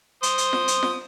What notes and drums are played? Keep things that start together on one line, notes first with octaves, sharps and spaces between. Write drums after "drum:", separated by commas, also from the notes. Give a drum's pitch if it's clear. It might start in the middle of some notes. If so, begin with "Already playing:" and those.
C5 D#6, drum: hi-hat
drum: hi-hat
drum: snare F4
drum: hi-hat
drum: snare F4